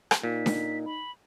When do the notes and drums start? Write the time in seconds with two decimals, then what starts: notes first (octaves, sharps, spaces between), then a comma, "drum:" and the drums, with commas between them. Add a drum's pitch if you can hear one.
0.11 drum: rim click
0.23 A#2 D#4 B6
0.46 drum: snare D4
0.86 B5